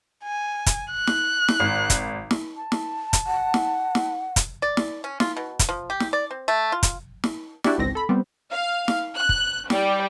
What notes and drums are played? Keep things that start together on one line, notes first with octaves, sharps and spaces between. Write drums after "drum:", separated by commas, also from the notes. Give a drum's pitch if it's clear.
G#5
drum: kick, hi-hat
F#6
drum: snare
drum: snare
G#1
drum: kick, hi-hat
drum: snare
A5
drum: snare
drum: kick, hi-hat
F#5
drum: snare
drum: snare
drum: kick, hi-hat
D5
drum: snare
C#4
F4, drum: snare
B2
drum: kick, hi-hat
F3
G4
drum: snare
D5
C4
A3
F4
drum: kick, hi-hat
drum: snare
D4 E4 F#4 G4 D5, drum: snare
G#1 C#2 C4 A#6
A4 B5
G3 B3 C4
F5
drum: snare
F#6
drum: kick
G3, drum: snare